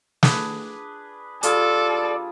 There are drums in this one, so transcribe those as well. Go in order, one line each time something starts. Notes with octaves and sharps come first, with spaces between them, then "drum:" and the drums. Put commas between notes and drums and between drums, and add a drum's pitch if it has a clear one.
D4 G#4 B4, drum: snare
G3 F4 G#4 A4 D5, drum: hi-hat